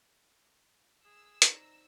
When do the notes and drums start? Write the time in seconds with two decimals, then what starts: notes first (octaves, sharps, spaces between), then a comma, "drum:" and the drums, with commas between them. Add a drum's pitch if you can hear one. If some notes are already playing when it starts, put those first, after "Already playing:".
1.05 G#4 E6
1.42 D#4 C5 D5 A#5, drum: hi-hat